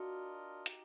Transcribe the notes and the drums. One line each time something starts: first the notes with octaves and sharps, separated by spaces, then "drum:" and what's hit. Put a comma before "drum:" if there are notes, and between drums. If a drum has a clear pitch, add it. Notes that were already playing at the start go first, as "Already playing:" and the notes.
Already playing: D4 F4 F#4 A#4 D#5
D#4 G4, drum: hi-hat